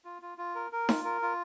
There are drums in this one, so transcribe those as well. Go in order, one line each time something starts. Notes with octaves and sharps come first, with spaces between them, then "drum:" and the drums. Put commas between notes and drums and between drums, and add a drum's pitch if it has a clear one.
F4
F4
F4
A#4
A#4
F4, drum: snare D#4
A#4
F4